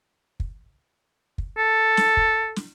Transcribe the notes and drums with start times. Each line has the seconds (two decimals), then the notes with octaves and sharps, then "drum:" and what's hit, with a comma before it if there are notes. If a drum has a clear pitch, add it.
0.40 drum: kick
1.38 drum: kick
1.58 A4
1.97 drum: snare
2.17 drum: kick
2.56 drum: snare